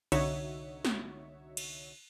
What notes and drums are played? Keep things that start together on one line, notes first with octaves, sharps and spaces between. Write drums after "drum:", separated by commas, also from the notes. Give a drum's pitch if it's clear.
C2 D3 D#4 F#4 C#5 E5, drum: cymbal
drum: snare
drum: cymbal